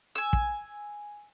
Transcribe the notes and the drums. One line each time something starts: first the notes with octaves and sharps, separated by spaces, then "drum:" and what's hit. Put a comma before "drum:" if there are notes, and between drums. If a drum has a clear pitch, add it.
G#5 E6
drum: kick